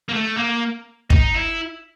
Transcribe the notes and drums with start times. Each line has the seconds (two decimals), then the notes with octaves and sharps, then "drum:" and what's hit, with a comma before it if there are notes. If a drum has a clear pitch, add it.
0.09 A#3
0.13 A3
0.37 A#3
1.10 D#4, drum: kick
1.34 E4